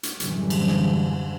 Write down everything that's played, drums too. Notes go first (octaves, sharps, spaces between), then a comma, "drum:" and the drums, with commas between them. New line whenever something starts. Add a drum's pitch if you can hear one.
drum: hi-hat
F#2 A2 D3 E3 G3 G#3, drum: hi-hat
drum: cymbal
drum: snare